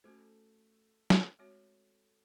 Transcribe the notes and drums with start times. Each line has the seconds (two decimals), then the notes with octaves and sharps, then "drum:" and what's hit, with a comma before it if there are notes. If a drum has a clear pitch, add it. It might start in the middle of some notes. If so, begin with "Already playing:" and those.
0.04 A3 C#4 F#4 A4 C5
1.10 drum: snare
1.39 G#3 C4 F#4 C#5